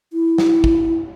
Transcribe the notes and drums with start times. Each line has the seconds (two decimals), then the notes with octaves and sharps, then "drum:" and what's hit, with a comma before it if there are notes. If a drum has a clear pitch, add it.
0.13 E4
0.38 drum: snare
0.64 drum: kick